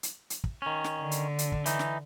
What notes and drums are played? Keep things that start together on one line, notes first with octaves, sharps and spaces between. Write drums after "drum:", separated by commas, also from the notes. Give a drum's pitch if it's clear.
drum: hi-hat
drum: hi-hat
drum: kick
D#3 C#4
drum: snare
D3
drum: hi-hat
drum: hi-hat
drum: kick
E3 D#4, drum: hi-hat
drum: snare